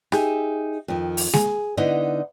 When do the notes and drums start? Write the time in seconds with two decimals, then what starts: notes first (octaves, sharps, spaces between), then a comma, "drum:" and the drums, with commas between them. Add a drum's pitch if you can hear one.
0.12 D#4 G4 G#4 E5, drum: rim click
0.88 F2 D#3
1.17 drum: open hi-hat
1.33 G#4, drum: snare G#3
1.77 D3 B3 D#4 E4 D#5